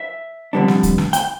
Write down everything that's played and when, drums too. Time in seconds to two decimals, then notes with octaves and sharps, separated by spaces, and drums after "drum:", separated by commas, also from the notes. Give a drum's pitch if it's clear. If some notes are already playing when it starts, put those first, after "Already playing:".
Already playing: E5
0.53 F2 D3 G3 B3 D4
0.68 drum: snare
0.83 drum: kick, hi-hat
0.98 drum: snare
1.13 G5, drum: hi-hat